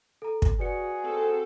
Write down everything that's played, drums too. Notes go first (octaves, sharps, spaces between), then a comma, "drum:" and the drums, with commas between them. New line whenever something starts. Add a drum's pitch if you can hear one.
A4 A#5
drum: kick
F#4 G#4 B4 D5 C#7
C4 A4